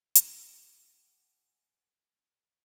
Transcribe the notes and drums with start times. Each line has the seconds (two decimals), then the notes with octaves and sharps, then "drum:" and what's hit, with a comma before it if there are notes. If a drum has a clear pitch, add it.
0.15 F#5 G#5 D6, drum: hi-hat